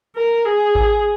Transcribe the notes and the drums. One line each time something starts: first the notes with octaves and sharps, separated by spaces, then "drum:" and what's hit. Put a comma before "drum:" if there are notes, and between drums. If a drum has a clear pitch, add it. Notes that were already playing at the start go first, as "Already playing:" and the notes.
A#4
G#4
drum: kick G#1